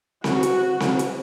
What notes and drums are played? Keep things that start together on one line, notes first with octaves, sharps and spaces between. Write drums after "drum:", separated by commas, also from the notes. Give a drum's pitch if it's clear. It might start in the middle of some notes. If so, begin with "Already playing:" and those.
F#4, drum: snare C4
drum: hi-hat
drum: snare C4
drum: hi-hat